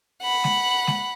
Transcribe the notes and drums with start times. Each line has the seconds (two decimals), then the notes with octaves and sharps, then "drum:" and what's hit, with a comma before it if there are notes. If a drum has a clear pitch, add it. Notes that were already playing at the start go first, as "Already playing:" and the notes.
0.22 F#5 B5
0.44 drum: snare G#3
0.87 drum: snare G#3